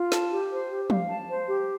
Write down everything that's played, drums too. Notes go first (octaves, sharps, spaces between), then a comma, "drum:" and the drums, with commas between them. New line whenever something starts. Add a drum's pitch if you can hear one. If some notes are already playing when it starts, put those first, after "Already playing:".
Already playing: F4
A5, drum: snare
G4
C5
G4
F5, drum: tom
A5
C5
G4